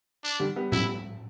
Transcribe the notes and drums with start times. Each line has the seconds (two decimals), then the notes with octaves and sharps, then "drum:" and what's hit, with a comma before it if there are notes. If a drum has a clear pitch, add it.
0.24 D4
0.39 D3 G3
0.56 G3 B3
0.72 E4, drum: tom A2